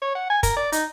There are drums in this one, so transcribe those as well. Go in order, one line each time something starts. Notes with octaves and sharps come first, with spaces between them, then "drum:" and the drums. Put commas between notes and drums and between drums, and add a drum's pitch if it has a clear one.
C#5
F#5
G#5
A#4, drum: kick, hi-hat
D5
D#4, drum: hi-hat